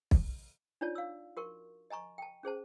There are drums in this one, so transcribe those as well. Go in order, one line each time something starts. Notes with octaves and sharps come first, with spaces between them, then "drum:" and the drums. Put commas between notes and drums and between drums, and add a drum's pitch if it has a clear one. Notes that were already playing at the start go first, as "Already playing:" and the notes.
drum: kick
D4 D#4 F4 C#5 D5 A5
F5 E6
F#4 A#4 C#6
D#5 G#5 A#5 C#6
G5 A5
C#4 G#4 C5 A5